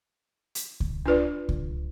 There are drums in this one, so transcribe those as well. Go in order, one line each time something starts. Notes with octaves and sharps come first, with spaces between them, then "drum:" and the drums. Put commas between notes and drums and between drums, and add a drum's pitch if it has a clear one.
drum: hi-hat
drum: kick C#2
D4 F4 B4 D5
drum: kick C#2